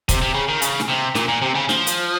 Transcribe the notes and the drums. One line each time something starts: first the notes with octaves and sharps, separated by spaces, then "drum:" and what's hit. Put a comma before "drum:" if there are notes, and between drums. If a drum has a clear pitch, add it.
C3, drum: kick, hi-hat
C3
C#3
D#3
C#3, drum: hi-hat
drum: snare
C3
A#2, drum: snare
A#2
C3
C#3
F3, drum: snare
drum: hi-hat